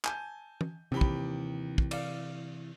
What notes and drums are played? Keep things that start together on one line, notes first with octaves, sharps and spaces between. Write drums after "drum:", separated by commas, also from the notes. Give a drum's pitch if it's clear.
G#5 A5 G6, drum: clap
drum: tom
D#2 C3 E3 G4 B5
drum: kick
drum: kick
D5 F5, drum: cymbal